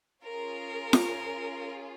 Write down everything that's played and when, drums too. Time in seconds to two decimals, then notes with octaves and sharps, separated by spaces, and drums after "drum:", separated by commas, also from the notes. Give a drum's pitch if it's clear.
0.23 C#4 F4 G#4 A#4
0.93 drum: snare